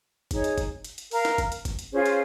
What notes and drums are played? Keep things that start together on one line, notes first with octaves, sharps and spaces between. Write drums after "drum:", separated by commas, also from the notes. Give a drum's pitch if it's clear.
D#4 G#4 C#5, drum: kick, hi-hat
drum: hi-hat
drum: kick, hi-hat
drum: hi-hat
drum: hi-hat
A#4 F5 A#5, drum: open hi-hat
drum: snare
drum: kick, hi-hat
drum: hi-hat
drum: kick, hi-hat
drum: hi-hat
C#4 F4 G#4 C5
drum: hi-hat